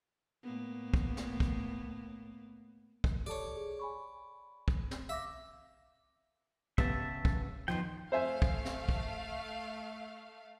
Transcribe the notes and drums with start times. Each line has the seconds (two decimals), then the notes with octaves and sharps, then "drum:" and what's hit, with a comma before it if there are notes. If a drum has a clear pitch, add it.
0.43 A2 A#3 B3
0.94 drum: kick
1.17 drum: snare
1.40 drum: kick
3.04 drum: kick
3.26 G4 A4 C#5 D5 A5
3.56 G#4
3.79 G#5 B5 C#6
4.68 drum: kick
4.91 drum: snare
5.09 E5 F5 D6 A#6
6.78 C#3 B3 G4 E5 A5, drum: kick
7.25 drum: kick
7.68 E2 D#3 F3 C5 G5
8.12 A3 C5 E5 F5 G#5
8.42 drum: kick
8.65 drum: snare
8.89 drum: kick